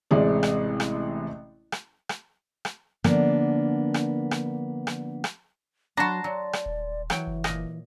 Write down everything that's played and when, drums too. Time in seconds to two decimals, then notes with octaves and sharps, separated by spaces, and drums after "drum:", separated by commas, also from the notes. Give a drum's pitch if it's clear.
0.11 A1 C3 G#3 D5
0.43 drum: rim click
0.80 drum: rim click
1.72 drum: rim click
2.09 drum: rim click
2.65 drum: rim click
3.04 D3 F3 A#3 B3 D4, drum: rim click
3.94 drum: rim click
4.31 drum: rim click
4.87 drum: rim click
5.24 drum: rim click
5.97 F#3 D4 F#4 A5 A#5 C6
6.24 F#3 D5
6.53 drum: rim click
6.66 D#1
7.10 E3 F#3 G5, drum: rim click
7.27 F#1
7.44 A#2 D#5, drum: rim click